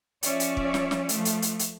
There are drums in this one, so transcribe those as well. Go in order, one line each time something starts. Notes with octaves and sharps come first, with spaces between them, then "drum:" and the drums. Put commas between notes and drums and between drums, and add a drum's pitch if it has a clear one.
F3 C#4 C#5 D5 E5, drum: hi-hat
drum: hi-hat
drum: kick
drum: snare
drum: snare
F3 A3, drum: hi-hat
drum: hi-hat
drum: hi-hat
drum: hi-hat